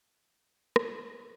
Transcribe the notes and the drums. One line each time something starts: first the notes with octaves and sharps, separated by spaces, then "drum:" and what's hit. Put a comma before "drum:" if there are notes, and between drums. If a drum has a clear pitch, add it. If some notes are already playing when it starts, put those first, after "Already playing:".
E4 D#5
drum: rim click